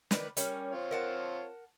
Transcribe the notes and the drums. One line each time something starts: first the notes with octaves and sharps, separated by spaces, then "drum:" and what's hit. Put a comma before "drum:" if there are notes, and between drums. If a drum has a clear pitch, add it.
D#3 B4 D5, drum: snare
G3 A#3 C#4, drum: hi-hat
C4 F4 C#5
A#4 F#5 A5